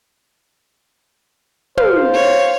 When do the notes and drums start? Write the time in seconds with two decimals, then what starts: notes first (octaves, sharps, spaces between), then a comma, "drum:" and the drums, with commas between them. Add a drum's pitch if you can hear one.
1.77 C5 F5, drum: tom
2.14 C#5